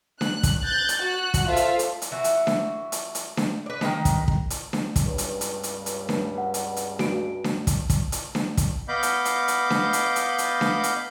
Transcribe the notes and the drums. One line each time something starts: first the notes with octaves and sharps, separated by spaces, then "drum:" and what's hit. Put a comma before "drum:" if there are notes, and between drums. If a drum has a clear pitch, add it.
F#6, drum: snare D4
drum: kick, hi-hat
F#6 G6 A6
drum: hi-hat
F#4 F#6
drum: kick, hi-hat
F4 A4 C5 E5 F5
drum: hi-hat
drum: hi-hat
drum: hi-hat
E3 F#4
drum: hi-hat
drum: snare D4
drum: hi-hat
drum: hi-hat
drum: snare D4
B4 D5
D#3 F#3 G#3 B3, drum: snare D4
drum: kick, hi-hat
drum: kick
drum: hi-hat
drum: snare D4
drum: kick, hi-hat
C#2 G2
drum: hi-hat
drum: hi-hat
drum: hi-hat
drum: hi-hat
drum: snare D4
F#5
drum: hi-hat
drum: hi-hat
F#4 D7, drum: snare D4
drum: snare D4
drum: kick, hi-hat
drum: kick, hi-hat
drum: hi-hat
drum: snare D4
drum: kick, hi-hat
B3 D#5 F5 B5 D6 G6
drum: hi-hat
drum: hi-hat
drum: hi-hat
drum: snare D4
drum: hi-hat
drum: hi-hat
drum: hi-hat
drum: snare D4
drum: hi-hat